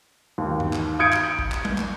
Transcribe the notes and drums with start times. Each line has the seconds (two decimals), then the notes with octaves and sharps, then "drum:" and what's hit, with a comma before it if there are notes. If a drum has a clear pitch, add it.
0.38 D#2
0.60 drum: tom G2
0.73 drum: clap
0.99 D#6 G6 G#6 C#7 D7
1.12 drum: clap
1.39 drum: kick A#1
1.52 drum: clap
1.65 drum: tom G3
1.78 drum: clap